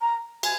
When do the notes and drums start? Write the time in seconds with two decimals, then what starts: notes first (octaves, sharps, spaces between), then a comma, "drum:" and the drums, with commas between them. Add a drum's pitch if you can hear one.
0.01 A#5
0.43 G#5, drum: cymbal